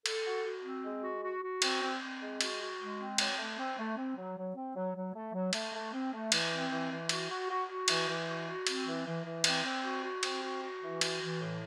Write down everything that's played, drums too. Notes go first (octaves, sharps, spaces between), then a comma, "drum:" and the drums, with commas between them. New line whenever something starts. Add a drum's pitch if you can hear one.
A4, drum: cymbal
F#4
F#4
C4
G#3
F#4
F#4
F#4
C4, drum: cymbal
C4
C4
G#3
F#4, drum: cymbal
F#4
G#3
C4
F#3, drum: cymbal
A3
C4
A3
C4
F#3
F#3
C4
F#3
F#3
A3
F#3
A3, drum: cymbal
A3
C4
A3
E3, drum: cymbal
C4
E3
E3
F#4, drum: cymbal
F#4
F#4
F#4
E3, drum: cymbal
E3
F#4
F#4
C4, drum: cymbal
E3
E3
E3
C4, drum: cymbal
C4
F#4
F#4
C4, drum: cymbal
F#4
F#4
E3
F#4, drum: cymbal
E3
A2